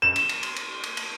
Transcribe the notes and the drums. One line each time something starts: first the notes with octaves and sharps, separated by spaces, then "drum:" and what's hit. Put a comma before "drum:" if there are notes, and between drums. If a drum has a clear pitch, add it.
E7
drum: cymbal
drum: cymbal
drum: cymbal
drum: cymbal
drum: cymbal
drum: cymbal